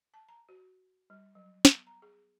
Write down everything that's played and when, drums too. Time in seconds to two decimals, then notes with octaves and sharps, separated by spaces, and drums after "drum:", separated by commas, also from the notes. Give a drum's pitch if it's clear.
0.14 A5
0.29 A#5
0.49 F#4
1.10 G3
1.35 F#3
1.65 B3, drum: snare
1.87 A#5
2.02 G#4